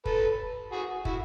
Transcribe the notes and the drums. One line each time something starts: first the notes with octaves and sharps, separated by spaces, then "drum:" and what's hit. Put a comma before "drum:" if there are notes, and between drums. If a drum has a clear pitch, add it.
A4 B4, drum: kick
F#4 G#4
E4 F#4, drum: kick